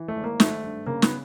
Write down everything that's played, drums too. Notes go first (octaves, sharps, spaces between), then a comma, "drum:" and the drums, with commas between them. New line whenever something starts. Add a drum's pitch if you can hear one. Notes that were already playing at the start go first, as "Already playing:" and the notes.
Already playing: E3
A3
G#1
A#3
G#1 A3, drum: snare
G2
C#3 A#3
B3, drum: snare